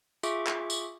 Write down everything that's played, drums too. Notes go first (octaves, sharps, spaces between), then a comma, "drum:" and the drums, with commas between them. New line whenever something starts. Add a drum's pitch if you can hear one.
F4 G#4 E5 C#6 D6, drum: tambourine
drum: clap
drum: tambourine